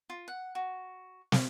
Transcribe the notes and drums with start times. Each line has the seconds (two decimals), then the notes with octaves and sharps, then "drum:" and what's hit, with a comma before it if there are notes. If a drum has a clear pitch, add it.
0.10 F4
0.28 F#5
0.55 F#4
1.32 drum: snare